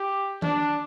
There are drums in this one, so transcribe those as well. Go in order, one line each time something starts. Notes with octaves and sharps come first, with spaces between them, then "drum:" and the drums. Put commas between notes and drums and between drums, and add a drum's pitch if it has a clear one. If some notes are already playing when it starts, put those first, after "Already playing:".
Already playing: G4
D4, drum: tom D#3